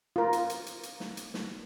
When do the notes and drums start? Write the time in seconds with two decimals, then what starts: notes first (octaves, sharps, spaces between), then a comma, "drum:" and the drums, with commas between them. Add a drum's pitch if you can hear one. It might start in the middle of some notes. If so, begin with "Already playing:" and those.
0.16 F4 A#4
0.33 drum: hi-hat
0.50 drum: hi-hat
0.66 drum: hi-hat
0.83 drum: hi-hat
1.00 drum: snare
1.17 drum: hi-hat
1.34 drum: snare